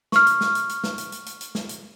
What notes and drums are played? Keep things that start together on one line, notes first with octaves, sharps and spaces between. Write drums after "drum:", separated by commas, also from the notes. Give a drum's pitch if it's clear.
C#6 F6, drum: snare
drum: hi-hat
drum: snare
drum: hi-hat
drum: hi-hat
drum: snare
drum: hi-hat
drum: hi-hat
drum: hi-hat
drum: hi-hat
drum: snare
drum: hi-hat